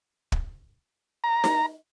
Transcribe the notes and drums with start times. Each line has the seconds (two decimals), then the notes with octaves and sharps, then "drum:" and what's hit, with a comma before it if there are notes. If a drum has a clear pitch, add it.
0.32 drum: kick
1.24 A#5
1.44 drum: snare D#4